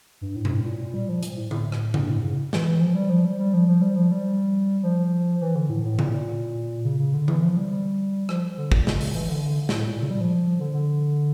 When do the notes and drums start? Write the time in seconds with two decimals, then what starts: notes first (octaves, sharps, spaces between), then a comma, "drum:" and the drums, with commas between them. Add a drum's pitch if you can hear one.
0.21 G2
0.36 A2
0.45 G2, drum: tom B2
0.51 A2
0.65 A#2
0.79 A#2
0.94 G3
1.09 F3
1.23 A#2, drum: hi-hat
1.37 A2
1.51 A2, drum: tom D3
1.72 drum: rim click
1.94 G2, drum: tom C#3
2.10 A2
2.23 C#3
2.53 E3, drum: snare
2.67 E3
2.81 F3
2.95 G3
3.09 F3
3.25 G3
3.39 G3
3.54 F3
3.68 F3
3.81 G3
3.96 F3
4.11 G3
4.83 F3
5.41 E3
5.55 D3
5.70 A2
5.84 A2
5.99 A#2, drum: tom C#3
6.13 A#2
6.84 C#3
6.99 C#3
7.14 D3
7.28 E3, drum: tom D3
7.43 F3
7.57 G3
7.71 G3
8.29 F3, drum: rim click
8.57 D3
8.72 A#2, drum: kick
8.87 C#3, drum: snare
9.01 C#3, drum: open hi-hat
9.15 E3
9.29 D3
9.44 D3
9.69 A#2, drum: snare
9.74 A2
9.87 A#2
10.02 C#3
10.11 G3
10.21 F3
10.59 D3
10.73 D3